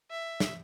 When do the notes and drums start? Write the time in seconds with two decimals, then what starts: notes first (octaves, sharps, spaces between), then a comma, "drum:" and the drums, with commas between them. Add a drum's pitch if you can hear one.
0.11 E5
0.40 drum: snare